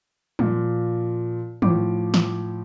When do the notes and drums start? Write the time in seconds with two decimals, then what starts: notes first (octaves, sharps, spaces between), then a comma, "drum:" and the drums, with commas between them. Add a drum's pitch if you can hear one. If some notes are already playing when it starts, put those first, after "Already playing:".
0.39 A#2 F3, drum: tom
1.62 A2 F3 D6, drum: tom
2.14 drum: snare